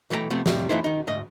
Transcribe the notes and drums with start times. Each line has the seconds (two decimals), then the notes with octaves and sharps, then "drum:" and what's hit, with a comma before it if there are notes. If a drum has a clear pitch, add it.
0.10 B1 E3 A3 C5 G5 A#5
0.30 C3 F3 A3 B3 C4
0.46 F2 A2 C3 G3, drum: snare
0.69 F2 E3 A3 D#4 E4 C5
0.84 D#3 D#4
1.07 D2 G#2 D#5